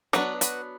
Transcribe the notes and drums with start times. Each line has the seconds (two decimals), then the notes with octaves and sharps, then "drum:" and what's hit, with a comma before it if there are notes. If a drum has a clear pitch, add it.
0.13 F#3 B3 D4 F#4 B4, drum: rim click
0.41 F#4 B4, drum: hi-hat